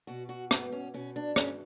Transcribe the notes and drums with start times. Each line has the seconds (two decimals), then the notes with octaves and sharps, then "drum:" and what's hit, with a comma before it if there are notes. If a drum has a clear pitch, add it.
0.07 B2 F#4
0.29 F#4
0.51 B3, drum: rim click
0.72 C#4
0.94 B2 C#4
1.16 D4
1.36 C#4, drum: rim click